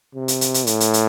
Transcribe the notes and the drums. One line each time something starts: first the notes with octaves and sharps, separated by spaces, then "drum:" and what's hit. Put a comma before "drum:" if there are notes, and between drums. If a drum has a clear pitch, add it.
C3
drum: hi-hat
drum: hi-hat
drum: hi-hat
A2, drum: hi-hat
drum: hi-hat
drum: hi-hat